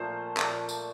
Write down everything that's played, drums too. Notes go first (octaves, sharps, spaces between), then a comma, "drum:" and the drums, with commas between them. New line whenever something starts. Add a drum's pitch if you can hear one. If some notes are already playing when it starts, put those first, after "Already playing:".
Already playing: A#2 F3 A3 C5
A#2 F3 A3, drum: clap
drum: tambourine